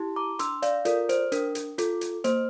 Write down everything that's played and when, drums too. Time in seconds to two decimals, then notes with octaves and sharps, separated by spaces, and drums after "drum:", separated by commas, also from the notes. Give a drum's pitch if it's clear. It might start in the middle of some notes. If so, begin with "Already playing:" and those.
Already playing: E4 G4
0.16 A#5 D6
0.39 D4 C6 E6, drum: hi-hat
0.62 D5 F5, drum: hi-hat
0.85 F4 A4 A#4 D5, drum: hi-hat
1.09 C5, drum: hi-hat
1.32 D4 A#4, drum: hi-hat
1.55 drum: hi-hat
1.78 F4 A4, drum: hi-hat
2.01 drum: hi-hat
2.24 A#3 C5, drum: hi-hat